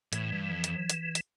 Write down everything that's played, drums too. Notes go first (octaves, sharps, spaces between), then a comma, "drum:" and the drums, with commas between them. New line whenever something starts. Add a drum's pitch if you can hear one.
A2 E3, drum: hi-hat
G2
F2
drum: hi-hat
drum: hi-hat
drum: hi-hat